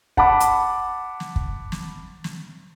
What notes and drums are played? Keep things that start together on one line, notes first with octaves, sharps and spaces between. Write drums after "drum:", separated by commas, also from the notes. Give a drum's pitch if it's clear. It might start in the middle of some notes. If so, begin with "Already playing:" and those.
F#5 A5 B5 D6, drum: kick
drum: hi-hat
drum: snare
drum: kick
drum: snare
drum: snare